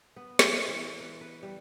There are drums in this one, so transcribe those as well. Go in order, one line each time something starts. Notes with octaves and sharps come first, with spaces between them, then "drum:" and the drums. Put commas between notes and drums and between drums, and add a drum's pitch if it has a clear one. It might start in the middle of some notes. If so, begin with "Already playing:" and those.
B3
E4, drum: snare
E3
B4
B4
G3